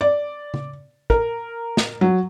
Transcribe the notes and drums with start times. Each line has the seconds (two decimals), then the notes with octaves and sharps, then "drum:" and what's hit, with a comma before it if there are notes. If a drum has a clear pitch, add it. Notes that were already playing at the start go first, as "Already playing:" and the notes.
0.01 D5
0.54 drum: tom C#3
1.10 A#4, drum: kick
1.77 drum: snare
2.01 F#3